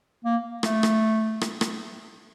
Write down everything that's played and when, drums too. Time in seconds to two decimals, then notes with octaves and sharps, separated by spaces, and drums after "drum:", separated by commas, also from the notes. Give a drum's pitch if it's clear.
0.25 A#3
0.63 A3, drum: rim click
0.83 drum: rim click
1.41 drum: rim click
1.61 drum: rim click